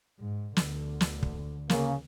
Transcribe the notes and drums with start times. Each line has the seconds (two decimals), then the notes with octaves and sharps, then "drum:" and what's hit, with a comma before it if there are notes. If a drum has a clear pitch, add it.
0.19 G#2
0.57 D2 D3, drum: snare
1.01 drum: snare
1.23 drum: kick
1.70 C#3 A#3, drum: snare